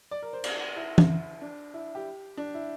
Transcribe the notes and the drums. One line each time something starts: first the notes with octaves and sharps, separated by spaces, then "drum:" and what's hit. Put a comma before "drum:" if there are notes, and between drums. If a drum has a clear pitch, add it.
D5
A#4
C5
D5, drum: cymbal
E4
drum: tom E3
D4
E4
G4
D4
E4